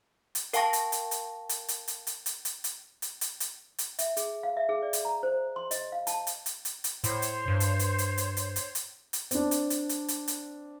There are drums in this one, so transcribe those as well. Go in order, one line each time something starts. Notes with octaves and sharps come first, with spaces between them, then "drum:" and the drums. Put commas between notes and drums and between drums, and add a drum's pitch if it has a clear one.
drum: hi-hat
A#4 F5 G5 A5 C#6 A#6, drum: hi-hat
drum: hi-hat
drum: hi-hat
drum: hi-hat
drum: hi-hat
drum: hi-hat
drum: hi-hat
drum: hi-hat
drum: hi-hat
drum: hi-hat
drum: hi-hat
drum: hi-hat
drum: hi-hat
drum: hi-hat
drum: hi-hat
E5, drum: hi-hat
G#4, drum: hi-hat
F5
E5
G#4
D5
drum: hi-hat
A#5
C5
C6
D#5, drum: hi-hat
F5
A5, drum: hi-hat
drum: hi-hat
drum: hi-hat
drum: hi-hat
drum: hi-hat
A2 C5 C#5, drum: hi-hat
drum: hi-hat
G2
drum: hi-hat
drum: hi-hat
drum: hi-hat
drum: hi-hat
drum: hi-hat
drum: hi-hat
drum: hi-hat
drum: hi-hat
C4 D4, drum: hi-hat
drum: hi-hat
drum: hi-hat
drum: hi-hat
drum: hi-hat
drum: hi-hat